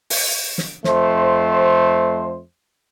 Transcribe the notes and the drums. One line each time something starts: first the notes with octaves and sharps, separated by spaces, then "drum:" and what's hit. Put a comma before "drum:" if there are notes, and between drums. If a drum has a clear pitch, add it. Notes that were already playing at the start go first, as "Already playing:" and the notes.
drum: open hi-hat
drum: snare
F2 A3 C5, drum: snare